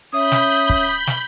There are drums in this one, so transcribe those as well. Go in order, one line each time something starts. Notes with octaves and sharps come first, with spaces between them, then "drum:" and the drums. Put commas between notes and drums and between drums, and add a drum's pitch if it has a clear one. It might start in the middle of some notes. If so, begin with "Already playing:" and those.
C#4 C#5 E5 B5 D#6 G6
drum: snare
drum: kick
drum: snare